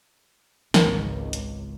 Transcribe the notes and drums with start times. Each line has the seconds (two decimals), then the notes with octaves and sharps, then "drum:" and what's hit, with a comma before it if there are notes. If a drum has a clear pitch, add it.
0.74 G#1 C#2 D#3 A#4, drum: snare
1.33 drum: hi-hat